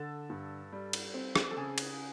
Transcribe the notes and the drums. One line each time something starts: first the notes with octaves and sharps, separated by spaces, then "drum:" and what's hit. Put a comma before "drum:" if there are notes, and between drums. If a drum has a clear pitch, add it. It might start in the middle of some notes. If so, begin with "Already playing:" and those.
Already playing: D3 A4
G2
G3
drum: cymbal
C4
drum: rim click
A4
C#3 G#4
drum: cymbal